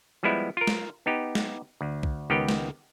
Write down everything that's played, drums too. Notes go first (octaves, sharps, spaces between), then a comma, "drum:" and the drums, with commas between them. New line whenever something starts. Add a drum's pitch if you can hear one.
F3 G3 G#3 B3 E4
F4 A#4
drum: snare
B3 D#4 G4
drum: snare
D2
drum: kick C2
C#2 D#3 B3 G4 G5
drum: snare